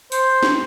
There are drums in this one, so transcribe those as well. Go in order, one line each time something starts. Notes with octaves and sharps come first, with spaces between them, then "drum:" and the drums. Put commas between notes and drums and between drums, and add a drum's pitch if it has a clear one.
C5, drum: open hi-hat
drum: snare